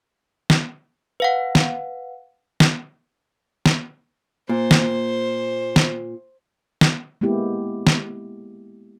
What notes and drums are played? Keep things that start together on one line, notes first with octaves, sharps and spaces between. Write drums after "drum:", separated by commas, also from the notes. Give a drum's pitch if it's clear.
drum: snare
B4 F5 F#5
drum: snare
drum: snare
drum: snare
A#2 C5
drum: snare
drum: snare
drum: snare
G#3 A#3 B3 E4 G4
drum: snare